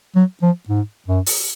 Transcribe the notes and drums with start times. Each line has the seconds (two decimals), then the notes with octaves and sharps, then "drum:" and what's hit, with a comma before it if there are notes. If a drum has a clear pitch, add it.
0.16 F#3
0.42 F3
0.69 G#2
1.08 F#2
1.26 drum: open hi-hat